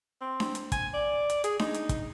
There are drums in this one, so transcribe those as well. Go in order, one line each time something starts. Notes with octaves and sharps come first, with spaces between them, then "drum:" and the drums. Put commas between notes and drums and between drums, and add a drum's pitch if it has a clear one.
C4
drum: snare D4
drum: hi-hat
G#5, drum: kick, hi-hat
D5
drum: hi-hat
G#4, drum: hi-hat
D#4, drum: snare D4
drum: hi-hat
drum: kick, hi-hat